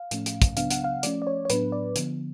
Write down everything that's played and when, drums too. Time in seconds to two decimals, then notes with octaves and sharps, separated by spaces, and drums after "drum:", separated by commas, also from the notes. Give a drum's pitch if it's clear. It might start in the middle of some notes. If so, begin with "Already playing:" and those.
Already playing: F5
0.11 A2 F3 A3 C#4, drum: hi-hat
0.26 drum: hi-hat
0.42 drum: kick, hi-hat
0.57 C#3 F#3 B3 D4 F5, drum: hi-hat
0.71 F#5, drum: hi-hat
0.84 F5
1.03 F3 A3 C#4 D5, drum: hi-hat
1.22 D5
1.27 C#5
1.45 C#5
1.50 A2 F#3 B3 D4 B4, drum: hi-hat
1.72 D5
1.96 D3 F3 B3, drum: hi-hat